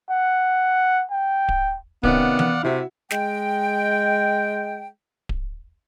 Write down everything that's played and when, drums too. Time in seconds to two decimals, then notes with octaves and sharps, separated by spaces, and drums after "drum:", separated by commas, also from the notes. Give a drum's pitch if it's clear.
0.10 F#5
1.11 G5
1.49 drum: kick D1
2.03 C3 D#3 B3 C#4 D5 F5 F#5, drum: kick D1
2.39 drum: tom E3
2.63 C3 E4 F#4 E5
3.11 G#3 G5, drum: snare
5.29 drum: kick D1